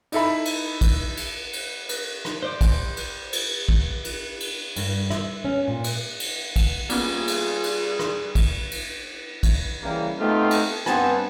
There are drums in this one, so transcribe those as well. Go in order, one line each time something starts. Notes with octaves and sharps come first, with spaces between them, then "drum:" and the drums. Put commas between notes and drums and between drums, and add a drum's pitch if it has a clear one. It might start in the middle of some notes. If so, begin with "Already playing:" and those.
D#4 E4 A4 E5 B5, drum: cymbal
drum: cymbal
drum: kick, cymbal
drum: cymbal
drum: cymbal
drum: cymbal
drum: rim click
C5 D5 D6
drum: kick, cymbal
drum: cymbal
drum: cymbal
drum: kick
drum: cymbal
drum: cymbal
G2, drum: cymbal
E5, drum: rim click
C#4
A#2
drum: cymbal
drum: cymbal
drum: kick, cymbal
G3 A#3 B3 C#4 F4 G#4, drum: cymbal
drum: cymbal
drum: cymbal
drum: rim click
drum: kick, cymbal
drum: cymbal
drum: kick, cymbal
C#3 E3 G3 A#3
A3 B3 C4 D#4 F4 G4
drum: cymbal
G2 B3 C4 D4 G#5 A5, drum: rim click